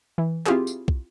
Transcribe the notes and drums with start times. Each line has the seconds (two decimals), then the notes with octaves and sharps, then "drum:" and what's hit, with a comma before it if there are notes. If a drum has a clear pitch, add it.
0.18 E3
0.46 C4 E4 F4 G4 G#4, drum: clap
0.67 drum: tambourine
0.88 drum: kick